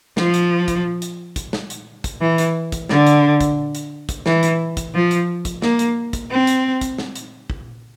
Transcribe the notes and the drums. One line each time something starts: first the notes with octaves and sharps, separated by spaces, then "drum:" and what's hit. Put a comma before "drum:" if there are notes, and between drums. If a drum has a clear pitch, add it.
F3, drum: snare
drum: hi-hat
drum: kick, hi-hat
drum: hi-hat
drum: kick, hi-hat
drum: snare
drum: hi-hat
drum: kick, hi-hat
E3
drum: hi-hat
drum: kick, hi-hat
D3, drum: snare
drum: hi-hat
drum: kick, hi-hat
drum: hi-hat
drum: kick, hi-hat
E3, drum: snare
drum: hi-hat
drum: kick, hi-hat
F3
drum: hi-hat
drum: kick, hi-hat
A#3, drum: snare
drum: hi-hat
drum: kick, hi-hat
C4
drum: hi-hat
drum: kick, hi-hat
drum: snare
drum: hi-hat
drum: kick